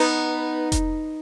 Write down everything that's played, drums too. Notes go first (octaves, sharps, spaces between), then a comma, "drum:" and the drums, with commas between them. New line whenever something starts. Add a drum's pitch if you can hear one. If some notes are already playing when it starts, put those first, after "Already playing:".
Already playing: B3 D#4
drum: kick F1, hi-hat